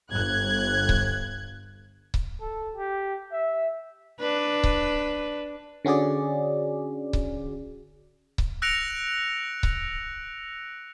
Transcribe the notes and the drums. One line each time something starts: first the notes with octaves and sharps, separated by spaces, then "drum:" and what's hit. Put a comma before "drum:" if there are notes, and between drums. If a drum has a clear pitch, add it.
G1 F#6 G#6
drum: kick C#1
drum: kick C#1
A4
G4
E5
D4 B4
drum: kick C#1
D3 C#4 F#4 G#4 D5
drum: kick C#1
drum: kick C#1
E6 F#6 A#6 C#7 D7 F7
drum: kick C#1